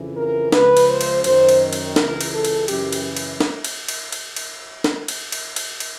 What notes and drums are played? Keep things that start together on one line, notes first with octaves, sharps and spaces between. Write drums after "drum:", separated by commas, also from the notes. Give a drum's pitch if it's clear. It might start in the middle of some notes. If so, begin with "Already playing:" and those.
Already playing: F2 C#3 E3
A#4
C#2 C#3 F3 B4, drum: snare
drum: cymbal
C5
drum: cymbal
F#2 D#3 C5, drum: cymbal
drum: cymbal
drum: cymbal
C#2 C#3 E3 A#4, drum: snare
drum: cymbal
A4
drum: cymbal
F#2 C#3 E3 G4, drum: cymbal
drum: cymbal
drum: cymbal
drum: snare
drum: cymbal
drum: cymbal
drum: cymbal
drum: cymbal
drum: snare
drum: cymbal
drum: cymbal
drum: cymbal
drum: cymbal